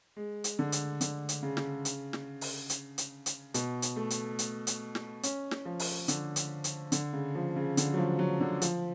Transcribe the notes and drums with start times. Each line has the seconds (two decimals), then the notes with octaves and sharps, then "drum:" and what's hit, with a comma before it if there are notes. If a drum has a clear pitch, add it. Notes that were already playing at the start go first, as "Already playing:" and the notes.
0.16 G#3
0.44 drum: hi-hat
0.59 D3
0.72 drum: hi-hat
1.01 D3, drum: hi-hat
1.29 drum: hi-hat
1.43 C#3
1.57 drum: snare
1.85 drum: hi-hat
2.13 drum: snare
2.41 drum: open hi-hat
2.70 drum: hi-hat
2.98 drum: hi-hat
3.26 drum: hi-hat
3.54 B2, drum: hi-hat
3.82 drum: hi-hat
3.96 A3
4.10 drum: hi-hat
4.39 drum: hi-hat
4.67 drum: hi-hat
4.95 drum: snare
5.23 C#4, drum: hi-hat
5.51 drum: snare
5.65 F3
5.80 drum: open hi-hat
6.08 D3, drum: hi-hat
6.36 drum: hi-hat
6.64 drum: hi-hat
6.92 D3, drum: hi-hat
7.13 C#3
7.35 F3
7.56 C#3
7.77 D3, drum: hi-hat
7.94 F#3
7.97 F3
8.19 F#3
8.40 D3
8.62 F3, drum: hi-hat